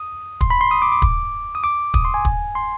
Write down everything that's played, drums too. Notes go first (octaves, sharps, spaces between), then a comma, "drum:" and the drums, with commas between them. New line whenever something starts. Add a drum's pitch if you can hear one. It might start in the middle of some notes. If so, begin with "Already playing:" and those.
Already playing: D#6
C6, drum: kick
B5
C6
D#6
D6
D6
drum: kick
D#6
D6
D#6, drum: kick
C6
G#5
drum: kick
C6